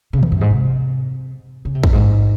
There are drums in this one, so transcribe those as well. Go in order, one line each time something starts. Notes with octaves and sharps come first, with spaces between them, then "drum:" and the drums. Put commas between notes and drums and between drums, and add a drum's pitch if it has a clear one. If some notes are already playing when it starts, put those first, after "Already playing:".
C#3
F2, drum: tom D#3
F#2
G#2
C3
C#3
C3
F#2, drum: kick
G#2